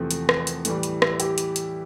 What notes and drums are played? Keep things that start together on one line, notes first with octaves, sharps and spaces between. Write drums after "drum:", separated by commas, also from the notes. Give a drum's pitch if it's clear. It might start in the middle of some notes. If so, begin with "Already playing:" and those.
Already playing: E2 C3 F3 A3 C4
A3, drum: hi-hat
drum: rim click
drum: hi-hat
A2 E3 G3 A3, drum: hi-hat
drum: hi-hat
E4, drum: rim click
G4, drum: hi-hat
drum: hi-hat
drum: hi-hat